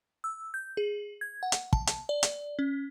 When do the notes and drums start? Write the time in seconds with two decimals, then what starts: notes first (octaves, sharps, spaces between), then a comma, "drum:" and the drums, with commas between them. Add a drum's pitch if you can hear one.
0.24 E6
0.54 G6
0.77 G#4
1.21 G#6
1.43 F#5
1.52 drum: hi-hat
1.73 A5, drum: kick
1.87 A5, drum: hi-hat
2.09 D5
2.23 drum: hi-hat
2.59 C#4